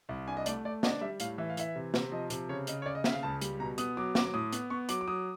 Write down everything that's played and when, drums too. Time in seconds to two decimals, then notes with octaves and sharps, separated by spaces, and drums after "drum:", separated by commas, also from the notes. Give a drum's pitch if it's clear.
0.09 C2
0.28 D4 G#5
0.37 D#5
0.46 A3 D5, drum: hi-hat
0.65 A3 D5
0.83 D4 D#5, drum: snare
1.01 G3 E5
1.20 A2 F5, drum: hi-hat
1.38 E3 E5
1.49 F5
1.57 E3 E5, drum: hi-hat
1.76 C3
1.94 C3, drum: snare
2.12 F3 D#5
2.30 C3, drum: hi-hat
2.49 C#3 C#5
2.67 C#3 D#5, drum: hi-hat
2.82 C#5
2.86 C#3 D5
2.95 D#5
3.04 C#3 E5, drum: snare
3.14 F5
3.23 C#2 A5
3.41 G3, drum: hi-hat
3.60 B2 A#5
3.78 B3 D#6, drum: hi-hat
3.97 F#3 D6
4.15 F#3 D6, drum: snare
4.25 D6
4.34 A2 D#6
4.53 B3, drum: hi-hat
4.70 B3 C#6
4.89 F#3 D6, drum: hi-hat
5.01 D6
5.08 F#3 D#6